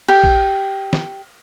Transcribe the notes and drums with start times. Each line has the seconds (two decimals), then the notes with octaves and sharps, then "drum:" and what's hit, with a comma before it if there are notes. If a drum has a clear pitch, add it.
0.08 G4, drum: cymbal
0.24 drum: kick
0.93 drum: snare